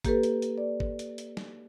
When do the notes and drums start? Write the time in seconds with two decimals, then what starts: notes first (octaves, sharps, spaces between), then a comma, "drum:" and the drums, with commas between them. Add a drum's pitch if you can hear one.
0.05 A#3 G4 A4 B4, drum: kick G#1, hi-hat
0.23 drum: hi-hat
0.42 drum: hi-hat
0.58 D5
0.80 drum: kick G#1
0.99 drum: hi-hat
1.18 drum: hi-hat
1.37 drum: snare